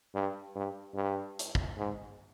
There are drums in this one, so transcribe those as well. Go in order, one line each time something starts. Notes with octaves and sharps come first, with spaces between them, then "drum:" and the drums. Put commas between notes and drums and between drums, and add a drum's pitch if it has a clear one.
G2
G2
G2
drum: hi-hat
drum: kick
G#2